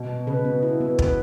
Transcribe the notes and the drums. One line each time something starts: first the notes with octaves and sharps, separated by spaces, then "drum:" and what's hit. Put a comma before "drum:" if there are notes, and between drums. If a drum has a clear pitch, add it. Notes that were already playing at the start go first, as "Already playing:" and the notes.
Already playing: B2
B3
C#3 B4
B3
E4
B3
B4, drum: kick